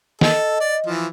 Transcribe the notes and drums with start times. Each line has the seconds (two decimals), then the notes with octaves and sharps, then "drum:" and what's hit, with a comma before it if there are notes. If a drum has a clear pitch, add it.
0.21 A4 D#5, drum: snare
0.60 D5
0.86 E3 F3